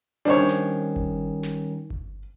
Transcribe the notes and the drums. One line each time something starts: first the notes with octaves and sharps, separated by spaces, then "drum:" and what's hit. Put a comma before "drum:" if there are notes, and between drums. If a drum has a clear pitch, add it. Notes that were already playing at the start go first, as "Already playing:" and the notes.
D#3 G3 C#4 D4 C5 C#5
drum: snare
drum: kick G1
drum: snare
drum: kick G1